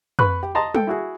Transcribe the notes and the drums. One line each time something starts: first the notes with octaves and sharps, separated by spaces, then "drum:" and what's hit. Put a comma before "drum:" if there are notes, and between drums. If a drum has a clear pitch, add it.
B4 C#6 F#6, drum: tom
G4
D#5 A5 A#5 C6
A4 G5, drum: tom G3
E4 F#4 G#4